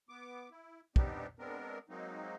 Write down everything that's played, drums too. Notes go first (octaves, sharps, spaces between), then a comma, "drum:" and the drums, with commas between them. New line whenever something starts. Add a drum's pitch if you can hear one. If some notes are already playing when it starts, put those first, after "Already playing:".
B3 D6
E4
G3 B3 C4 D4 D#4 G4, drum: kick
G#3 B3 C4 D4 A#4
F#3 G#3 A#3 C4 D#4